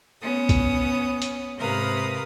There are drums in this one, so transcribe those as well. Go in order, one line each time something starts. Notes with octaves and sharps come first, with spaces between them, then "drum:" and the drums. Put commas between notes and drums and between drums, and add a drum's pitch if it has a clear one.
B3 C#4 D#6
drum: kick B1, hi-hat
drum: hi-hat
G#2 C3 A#4 B4 F5 D#6